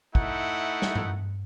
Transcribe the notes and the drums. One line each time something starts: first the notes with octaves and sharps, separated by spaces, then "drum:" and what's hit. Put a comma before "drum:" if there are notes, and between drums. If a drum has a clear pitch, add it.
A3 D#4 E4 F#5, drum: kick
drum: snare
drum: tom G2